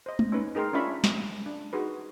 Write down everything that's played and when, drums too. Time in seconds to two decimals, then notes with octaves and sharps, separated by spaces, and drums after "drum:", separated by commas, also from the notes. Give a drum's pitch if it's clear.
0.06 C5 D#5
0.19 drum: tom G#3
0.32 C#4 D#4 B4
0.55 D#4 G#4 A#4 G5 C6
0.73 C#4 D4 F4 E5 B5 C#6
1.04 drum: snare
1.46 D4
1.73 D#4 F#4 G#4 B4